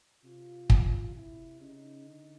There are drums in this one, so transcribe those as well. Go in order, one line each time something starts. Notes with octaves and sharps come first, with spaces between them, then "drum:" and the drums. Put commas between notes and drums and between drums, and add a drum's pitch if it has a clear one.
C3 F4
drum: kick
E4
C#3 D#4
D3